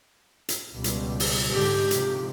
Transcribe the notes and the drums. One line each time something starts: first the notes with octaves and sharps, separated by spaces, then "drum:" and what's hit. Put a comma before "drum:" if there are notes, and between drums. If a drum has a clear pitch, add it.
drum: hi-hat
C#2 B2 G3
drum: hi-hat
drum: open hi-hat
G#2 D3 G#3 G4
G#2 C3 F3, drum: hi-hat